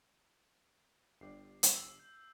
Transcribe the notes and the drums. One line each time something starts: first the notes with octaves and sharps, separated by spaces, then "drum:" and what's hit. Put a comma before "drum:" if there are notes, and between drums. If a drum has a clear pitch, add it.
G1 D3 G4 D5 C7
drum: hi-hat
E6
G6